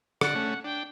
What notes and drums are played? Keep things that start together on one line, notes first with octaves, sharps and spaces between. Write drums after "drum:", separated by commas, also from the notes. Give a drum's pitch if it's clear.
D3 D5 F#5, drum: rim click
A3 C#4
D4 G5